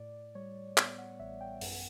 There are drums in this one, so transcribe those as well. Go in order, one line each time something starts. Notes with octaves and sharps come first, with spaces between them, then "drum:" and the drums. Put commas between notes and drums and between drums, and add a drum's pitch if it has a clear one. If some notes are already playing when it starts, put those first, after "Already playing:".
Already playing: A2 D5
G3 C#5
B3 C#5, drum: clap
F#5
A1 E5
G5
F#2 F#5, drum: open hi-hat